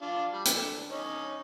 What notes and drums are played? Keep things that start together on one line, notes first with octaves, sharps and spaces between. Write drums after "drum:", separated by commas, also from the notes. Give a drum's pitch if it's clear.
D4 F4
G3
D3, drum: hi-hat
C#4 D#4